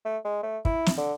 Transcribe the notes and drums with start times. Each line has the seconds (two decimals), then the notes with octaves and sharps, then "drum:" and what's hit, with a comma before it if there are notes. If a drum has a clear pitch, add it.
0.05 A3
0.25 G#3
0.43 A3
0.65 E4, drum: kick
0.86 drum: snare
0.98 D3